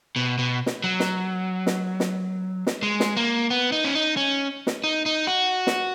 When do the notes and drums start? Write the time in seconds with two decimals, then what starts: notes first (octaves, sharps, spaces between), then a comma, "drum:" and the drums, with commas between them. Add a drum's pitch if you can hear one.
0.16 B2
0.39 B2
0.66 drum: snare
0.84 F#3
1.00 drum: snare
1.66 drum: snare
2.00 drum: snare
2.67 drum: snare
2.83 G#3
3.00 drum: snare
3.17 A#3
3.50 B3
3.72 D#4
3.85 C#4
3.95 D#4
4.17 C#4
4.67 drum: snare
4.84 D#4
5.06 D#4
5.27 F#4
5.67 drum: snare